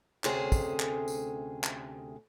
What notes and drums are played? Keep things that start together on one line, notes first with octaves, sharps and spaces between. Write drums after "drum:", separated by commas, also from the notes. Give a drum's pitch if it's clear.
D2 C3 A3 C#4 G#4 C5, drum: clap
drum: kick, tambourine
drum: clap
drum: tambourine
drum: clap